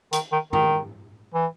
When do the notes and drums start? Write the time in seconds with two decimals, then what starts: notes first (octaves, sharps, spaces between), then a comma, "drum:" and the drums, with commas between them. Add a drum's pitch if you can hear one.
0.13 D#3, drum: hi-hat
0.32 D#3
0.53 D#3, drum: tom G#2
1.34 E3